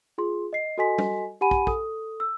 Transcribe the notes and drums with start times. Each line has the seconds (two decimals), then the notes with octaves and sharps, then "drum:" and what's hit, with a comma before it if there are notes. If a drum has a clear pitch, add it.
0.18 F4 G#4 C6
0.53 D#5 C7
0.78 F#4 A4 D#5 G#5 C6 B6
0.98 drum: tom
1.41 G4 F#5 G#5 B5 D#7
1.51 drum: kick
1.67 A4 D#6, drum: kick
2.20 E6